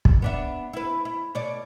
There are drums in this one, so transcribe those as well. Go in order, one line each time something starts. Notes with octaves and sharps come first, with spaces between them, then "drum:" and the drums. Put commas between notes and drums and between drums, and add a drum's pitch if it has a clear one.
drum: kick
B3 D4 E5
E4 B4
E4
B2 C#5 D5